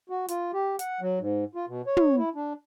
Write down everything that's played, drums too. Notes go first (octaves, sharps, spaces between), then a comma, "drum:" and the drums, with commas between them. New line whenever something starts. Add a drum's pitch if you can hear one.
F#4
F4, drum: hi-hat
G4
F#5, drum: hi-hat
F#3
G#2
F4
B2
C#5
drum: tom
E4
D4